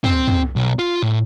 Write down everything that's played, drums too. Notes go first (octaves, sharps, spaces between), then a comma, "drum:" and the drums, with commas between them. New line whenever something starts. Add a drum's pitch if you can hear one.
C4, drum: tom
drum: tom
B1
F4
A2